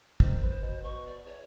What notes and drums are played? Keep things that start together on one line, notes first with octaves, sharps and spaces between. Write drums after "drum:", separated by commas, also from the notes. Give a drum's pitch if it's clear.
D#3 C5, drum: kick
B4
B2
B2 C#6
D5
E2 C#5